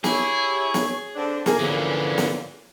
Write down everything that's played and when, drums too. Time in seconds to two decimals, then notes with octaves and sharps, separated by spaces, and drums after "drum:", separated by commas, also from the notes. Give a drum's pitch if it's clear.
0.04 E4 G4 G#4 C#5, drum: snare
0.74 drum: snare
1.15 D3 C4 D4
1.46 A#3 G#4 A#4, drum: snare
1.59 A#2 D3 E3 F3 C#4
2.18 drum: snare